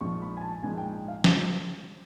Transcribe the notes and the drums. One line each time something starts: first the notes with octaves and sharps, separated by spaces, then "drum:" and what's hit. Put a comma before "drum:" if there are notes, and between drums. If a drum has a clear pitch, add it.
A#1 G#2 F3 C#6
B5
G#5
A5
A#1 G#2 F3 G#5
G5
G5
F5
drum: snare